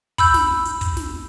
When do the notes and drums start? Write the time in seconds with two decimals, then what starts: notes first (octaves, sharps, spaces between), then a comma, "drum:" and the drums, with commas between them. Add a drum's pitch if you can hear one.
0.18 B5 E6 G6, drum: kick, open hi-hat
0.34 drum: snare
0.65 drum: hi-hat
0.81 drum: kick, hi-hat
0.97 drum: snare